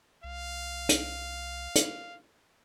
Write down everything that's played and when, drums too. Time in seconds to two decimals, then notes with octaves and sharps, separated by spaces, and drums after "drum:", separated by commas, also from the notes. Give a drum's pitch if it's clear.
0.24 C2 F5
0.89 drum: hi-hat
1.75 drum: hi-hat